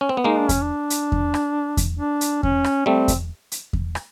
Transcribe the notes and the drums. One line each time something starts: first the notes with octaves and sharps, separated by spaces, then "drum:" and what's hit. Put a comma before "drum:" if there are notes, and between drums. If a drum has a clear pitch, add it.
C#4
C4
B3
G#3 A#3 D#4
D4
C#4, drum: kick E2, hi-hat
D4
drum: hi-hat
drum: kick E2
drum: rim click
drum: kick E2, hi-hat
D4
drum: hi-hat
C#4, drum: kick E2
drum: rim click
G3 A3 C4
drum: kick E2, hi-hat
drum: hi-hat
drum: kick E2
drum: rim click